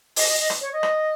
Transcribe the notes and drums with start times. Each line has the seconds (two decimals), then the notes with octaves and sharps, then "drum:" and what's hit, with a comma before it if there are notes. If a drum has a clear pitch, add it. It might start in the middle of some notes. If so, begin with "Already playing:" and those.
0.16 D#5, drum: open hi-hat
0.28 D#5
0.39 D#5
0.50 drum: rim click
0.61 C#5
0.72 D#5
0.83 drum: rim click